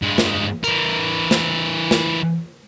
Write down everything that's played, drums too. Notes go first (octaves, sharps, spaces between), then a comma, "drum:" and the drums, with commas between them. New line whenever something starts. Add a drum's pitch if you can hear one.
G2 G#3
drum: snare
E3 A#4, drum: tambourine
drum: snare
drum: snare